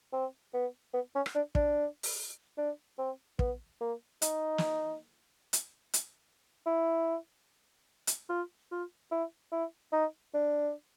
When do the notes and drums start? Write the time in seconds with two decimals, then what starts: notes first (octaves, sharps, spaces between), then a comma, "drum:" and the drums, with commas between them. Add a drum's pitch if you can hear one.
0.13 C4
0.54 B3
0.94 B3
1.15 C#4
1.26 drum: rim click
1.35 D4
1.55 D4, drum: kick
2.03 drum: open hi-hat
2.58 D4
2.98 C4
3.39 B3, drum: kick
3.81 A#3
4.22 D#4, drum: hi-hat
4.58 drum: snare
5.53 drum: hi-hat
5.94 drum: hi-hat
6.66 E4
8.07 drum: hi-hat
8.29 F4
8.71 F4
9.11 E4
9.52 E4
9.93 D#4
10.34 D4